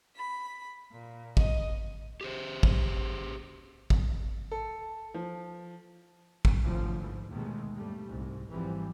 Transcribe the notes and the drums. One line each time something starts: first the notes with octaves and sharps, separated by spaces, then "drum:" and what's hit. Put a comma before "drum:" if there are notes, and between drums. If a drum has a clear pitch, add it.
B5
A#2
D#5, drum: kick
G4 G#4 C5
drum: kick
drum: kick
A4
F3
drum: kick
G#1 D2 C3 F3 F#3
G#2 E3 F3
D#2 B2 D#3 G#3 A3
G2 G3 A3
C2 G#2
G#1 E3 F3 G3 C4